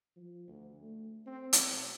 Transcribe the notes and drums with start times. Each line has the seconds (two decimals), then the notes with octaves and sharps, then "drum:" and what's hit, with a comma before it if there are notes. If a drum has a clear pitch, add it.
0.17 F3
0.48 D2
0.81 A3
1.26 C4
1.53 drum: hi-hat
1.67 B1